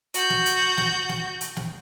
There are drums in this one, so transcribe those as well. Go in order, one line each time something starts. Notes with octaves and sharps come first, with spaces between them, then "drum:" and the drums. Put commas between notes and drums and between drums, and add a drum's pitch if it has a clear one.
F#4 G6, drum: hi-hat
drum: snare
drum: hi-hat
drum: snare
drum: snare
drum: hi-hat
drum: snare